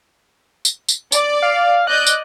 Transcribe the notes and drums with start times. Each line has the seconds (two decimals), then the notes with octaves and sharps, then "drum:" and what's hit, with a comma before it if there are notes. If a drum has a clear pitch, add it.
0.65 drum: tambourine
0.89 drum: tambourine
1.12 D5, drum: tambourine
1.42 F5
1.87 D5 D#5 F#6 G6
2.07 drum: tambourine